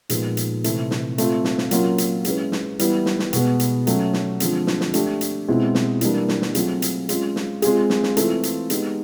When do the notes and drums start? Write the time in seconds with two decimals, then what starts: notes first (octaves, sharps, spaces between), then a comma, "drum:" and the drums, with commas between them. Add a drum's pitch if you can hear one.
0.09 A#2 F3 G#3 B3 D#4, drum: hi-hat
0.37 drum: hi-hat
0.64 C3 E3 A3 C4 E4, drum: hi-hat
0.91 drum: snare
1.18 A3 C4 F4, drum: hi-hat
1.45 drum: snare
1.58 drum: snare
1.71 F#3 A#3 C#4 F4, drum: hi-hat
1.98 drum: hi-hat
2.25 G#3 C#4 E4 G#4 B4, drum: hi-hat
2.52 drum: snare
2.79 E3 G3 B3 E4, drum: hi-hat
3.06 drum: snare
3.19 drum: snare
3.33 B2 G#3 B3, drum: hi-hat
3.60 drum: hi-hat
3.87 F#3 A3 C#4, drum: hi-hat
4.13 drum: snare
4.40 D3 F3 G#3 C4, drum: hi-hat
4.67 drum: snare
4.81 drum: snare
4.94 A3 D4 G4, drum: hi-hat
5.21 drum: hi-hat
5.48 B2 G#3 C4 E4
5.75 drum: snare
6.01 E3 G3 A#3 D4, drum: hi-hat
6.28 drum: snare
6.42 drum: snare
6.55 F#3 A3 C4 F4 G#4, drum: hi-hat
6.82 drum: hi-hat
7.09 G#3 C#4 F4, drum: hi-hat
7.36 drum: snare
7.62 G#3 C4 F4 G#4, drum: hi-hat
7.90 drum: snare
8.03 drum: snare
8.17 E3 A3 C4 F4 A4, drum: hi-hat
8.43 drum: hi-hat
8.70 G#3 B3 D#4 G4, drum: hi-hat